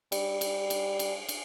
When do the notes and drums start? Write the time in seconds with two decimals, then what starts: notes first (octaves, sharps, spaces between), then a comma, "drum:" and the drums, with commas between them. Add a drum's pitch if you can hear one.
0.12 G3, drum: cymbal
0.41 drum: cymbal
0.70 drum: cymbal
0.99 drum: cymbal
1.29 drum: cymbal